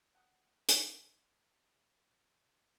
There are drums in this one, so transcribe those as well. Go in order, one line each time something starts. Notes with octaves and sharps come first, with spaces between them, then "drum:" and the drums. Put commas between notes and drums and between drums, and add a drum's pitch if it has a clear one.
F#5 G5 D#6
drum: hi-hat